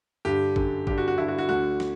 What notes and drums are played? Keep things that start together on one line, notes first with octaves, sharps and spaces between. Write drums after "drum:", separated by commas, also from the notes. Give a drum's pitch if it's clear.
G2 D3 G4
F#2 D3, drum: kick
G2 D3 G4, drum: kick
F#4
F#4
G2 D3 E4
F#4
F#4
D2 D3 F#4
drum: snare